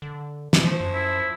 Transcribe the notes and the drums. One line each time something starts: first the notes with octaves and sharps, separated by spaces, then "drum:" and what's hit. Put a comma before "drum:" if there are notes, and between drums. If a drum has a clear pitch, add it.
D3
drum: snare
F3 A3
F#2
E4